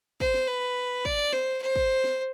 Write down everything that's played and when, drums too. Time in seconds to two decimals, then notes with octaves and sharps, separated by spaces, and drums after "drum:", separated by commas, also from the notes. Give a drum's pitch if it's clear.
0.20 C5, drum: kick
0.34 drum: snare
0.47 B4
1.05 D5, drum: kick
1.33 C5, drum: snare
1.62 C5
1.76 drum: kick
2.04 drum: snare